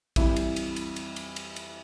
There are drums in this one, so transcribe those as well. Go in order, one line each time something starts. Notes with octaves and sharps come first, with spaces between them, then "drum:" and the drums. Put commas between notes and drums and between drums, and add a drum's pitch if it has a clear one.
F2 E3 G3 E4, drum: kick A#1, cymbal
drum: cymbal
drum: cymbal
drum: cymbal
drum: cymbal
drum: cymbal
drum: cymbal
drum: cymbal